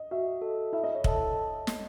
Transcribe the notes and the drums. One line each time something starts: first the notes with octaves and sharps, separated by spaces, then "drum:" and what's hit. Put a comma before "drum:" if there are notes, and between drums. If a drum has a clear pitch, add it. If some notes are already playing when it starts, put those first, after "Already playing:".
Already playing: D#5
F#4 E5
A4 D#5
E4 E5
D#5
C#5
A4 D#5 E5 A5, drum: kick
drum: snare